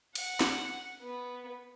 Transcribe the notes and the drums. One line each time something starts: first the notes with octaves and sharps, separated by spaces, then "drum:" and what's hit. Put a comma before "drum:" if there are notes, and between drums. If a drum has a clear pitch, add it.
F#5, drum: cymbal
drum: snare
B3